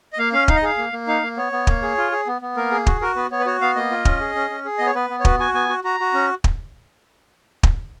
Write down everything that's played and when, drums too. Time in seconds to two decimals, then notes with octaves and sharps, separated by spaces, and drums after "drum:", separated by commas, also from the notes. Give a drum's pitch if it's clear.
0.13 D#5
0.18 A#3 F5
0.33 C#4 F5
0.48 D#4 F5, drum: kick
0.56 D#5
0.63 G#4 F5
0.78 A#3
0.93 A#3
1.07 D#4 F5
1.23 A#3
1.37 B3 C#5
1.52 B3
1.67 A#3, drum: kick
1.82 G#4
1.97 F4
2.12 G#4
2.27 B3
2.42 B3
2.56 A#3 A#4
2.71 G#4
2.87 F#4, drum: kick
3.01 F#4 A#4
3.16 B3 B4
3.31 B3 C#5
3.39 B4
3.46 F#4 C#5
3.61 B3 F5
3.75 A#3 D#5
3.91 F4
4.05 C#4, drum: kick
4.20 G#4
4.35 C#4
4.50 C#4
4.65 G#4
4.78 B3 D#5
4.86 C#5
4.95 B3 B4
5.10 B3
5.20 C#5
5.25 F#4 B4, drum: kick
5.40 F#4 G#5
5.54 B3 G#5
5.69 F#4
5.84 F#4 A#5
6.00 F#4
6.14 C#4
6.44 drum: kick
7.63 drum: kick